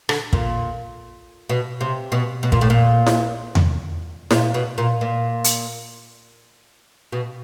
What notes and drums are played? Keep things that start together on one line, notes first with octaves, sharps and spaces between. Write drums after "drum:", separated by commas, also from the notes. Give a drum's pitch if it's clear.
D3, drum: rim click
A#2, drum: kick
B2
C3
B2
B2
A#2, drum: kick
A2
A#2
drum: snare E4
drum: tom E2
A#2, drum: snare E4
B2
A#2
A#2
drum: hi-hat
B2